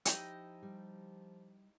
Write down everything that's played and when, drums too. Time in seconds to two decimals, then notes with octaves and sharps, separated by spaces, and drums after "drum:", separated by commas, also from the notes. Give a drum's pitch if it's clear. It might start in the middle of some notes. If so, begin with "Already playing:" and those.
0.05 F3 D#4 E4 G4 D#5, drum: hi-hat
0.63 G3